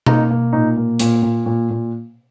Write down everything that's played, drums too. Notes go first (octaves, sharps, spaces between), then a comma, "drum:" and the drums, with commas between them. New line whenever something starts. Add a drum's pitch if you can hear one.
A#3 D#4, drum: tom B2
A#3
A#2 D#4
A#3
A#2, drum: hi-hat
A#2
A#2
A#2